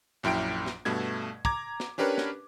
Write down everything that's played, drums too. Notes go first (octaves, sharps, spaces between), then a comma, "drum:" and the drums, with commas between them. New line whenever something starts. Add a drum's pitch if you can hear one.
A#1 F#2 E4 G5 D7
drum: snare
G2 B2 A3 G#6
A#5 D6 G#6, drum: kick
drum: snare
C#4 D4 G4 A#4 B4 C#5
drum: snare